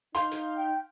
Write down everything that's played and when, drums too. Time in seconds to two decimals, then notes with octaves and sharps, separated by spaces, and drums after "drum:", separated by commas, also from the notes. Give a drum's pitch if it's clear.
0.15 D#4 F5 C6 G6, drum: hi-hat
0.31 drum: hi-hat
0.56 G5